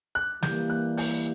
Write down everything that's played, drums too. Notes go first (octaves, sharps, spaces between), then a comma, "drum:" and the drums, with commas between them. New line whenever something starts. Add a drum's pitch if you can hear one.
F#6
E3 G3 A#3 G6, drum: snare
F#6
G6, drum: open hi-hat